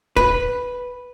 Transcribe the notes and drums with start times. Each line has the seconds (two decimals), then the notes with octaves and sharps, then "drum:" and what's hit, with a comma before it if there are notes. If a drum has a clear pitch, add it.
0.17 B4, drum: kick